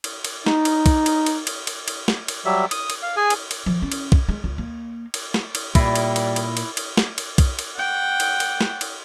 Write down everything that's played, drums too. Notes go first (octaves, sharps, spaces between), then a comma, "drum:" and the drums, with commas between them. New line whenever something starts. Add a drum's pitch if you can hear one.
drum: cymbal
drum: cymbal
D#4, drum: snare
drum: cymbal
drum: kick, cymbal
drum: cymbal
drum: cymbal
drum: cymbal
drum: cymbal
drum: cymbal
drum: snare
drum: cymbal
F#3 G3 E5
D#6, drum: cymbal
drum: cymbal
F5
G#4 G#5
drum: cymbal
drum: cymbal
F3
C#4
drum: cymbal
drum: kick
G#3
C#2
A#3
drum: cymbal
drum: snare
drum: cymbal
A#2 G3 E4, drum: kick, cymbal
drum: cymbal
drum: cymbal
drum: cymbal
drum: cymbal
drum: cymbal
drum: snare
drum: cymbal
drum: kick, cymbal
drum: cymbal
F#5 G5
drum: cymbal
drum: cymbal
drum: snare
drum: cymbal